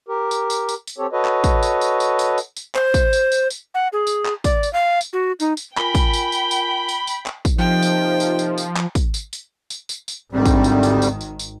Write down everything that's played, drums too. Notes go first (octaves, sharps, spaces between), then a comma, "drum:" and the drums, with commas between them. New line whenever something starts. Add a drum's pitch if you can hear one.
G4 A#4
drum: tambourine
drum: tambourine
drum: tambourine
drum: tambourine
C4 G4 A4 C#5
F#4 A4 B4 C#5 D#5
drum: clap
drum: kick, tambourine
drum: tambourine
drum: tambourine
drum: tambourine
drum: tambourine
drum: tambourine
drum: tambourine
C5, drum: clap
drum: kick, tambourine
drum: tambourine
drum: tambourine
drum: tambourine
F#5
G#4
drum: tambourine
drum: clap
D5, drum: kick, tambourine
drum: tambourine
F5
drum: tambourine
F#4
D#4, drum: tambourine
drum: tambourine
F4 A#4 G5 G#5 B5 G7, drum: clap
drum: kick, tambourine
drum: tambourine
drum: tambourine
drum: tambourine
drum: tambourine
drum: tambourine
drum: clap
drum: kick, tambourine
C3 F3 A#3 C4 D#4 G5
drum: tambourine
drum: tambourine
drum: tambourine
drum: tambourine
drum: clap
drum: kick, tambourine
drum: tambourine
drum: tambourine
drum: tambourine
drum: tambourine
drum: tambourine
G#1 D2 D#3 G3 C4
drum: kick, tambourine
drum: tambourine
drum: tambourine
drum: tambourine
drum: tambourine
drum: tambourine